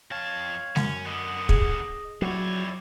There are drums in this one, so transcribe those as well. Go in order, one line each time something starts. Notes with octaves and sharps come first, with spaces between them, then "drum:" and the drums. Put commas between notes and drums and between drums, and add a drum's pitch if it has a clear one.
F2 C#5 F5 A5
F#2 C#4, drum: snare G#3
D3 B3 D#5
G#4, drum: kick
F2 F#3 E4 C#5 D5